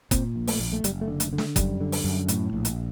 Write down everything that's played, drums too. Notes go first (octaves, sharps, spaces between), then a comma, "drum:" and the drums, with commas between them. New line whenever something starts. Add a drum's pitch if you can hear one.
A#2 C4, drum: kick F#1, hi-hat
A#1
A3, drum: open hi-hat
A#1
A3
F#1 G3, drum: hi-hat
A3
D3
A3, drum: hi-hat
D3
A3, drum: snare
F#2 G3, drum: kick F#1, hi-hat
D3
drum: open hi-hat
F#2
A2, drum: hi-hat
A#1
drum: hi-hat